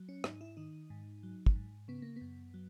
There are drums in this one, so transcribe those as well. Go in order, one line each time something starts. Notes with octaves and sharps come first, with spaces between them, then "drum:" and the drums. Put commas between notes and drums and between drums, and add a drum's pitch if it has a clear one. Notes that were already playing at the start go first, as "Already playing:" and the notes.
Already playing: F#3
C#4
G#2 D#4, drum: rim click
E4
D#3 D#4
G#2
F#3
drum: kick
G#2
C#3 B3
A#3
B3
F#2
F#3